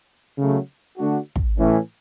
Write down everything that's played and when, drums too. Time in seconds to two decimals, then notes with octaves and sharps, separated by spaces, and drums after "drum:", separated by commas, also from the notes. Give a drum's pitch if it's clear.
0.37 C#3 F#3 A3
0.97 D3 A3 D4 F#4
1.36 drum: kick
1.57 A2 E3 A3 C#4